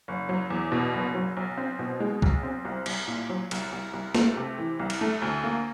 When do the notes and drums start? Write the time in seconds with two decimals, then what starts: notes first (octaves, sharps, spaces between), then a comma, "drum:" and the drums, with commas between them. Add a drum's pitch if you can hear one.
0.08 F#1
0.29 F#3
0.50 E2
0.72 B2
0.94 F#1
1.15 F#3
1.37 B1
1.57 C4
1.79 B2
2.00 G#3
2.22 B1, drum: kick C2
2.43 C4
2.65 C2
2.86 C2, drum: cymbal
3.08 A#2
3.29 F#3
3.51 C2, drum: cymbal
3.72 C2
3.93 C2
4.15 A3, drum: snare
4.37 C3
4.58 E3
4.80 C2
4.90 drum: cymbal
5.01 A3
5.22 D2
5.44 A#3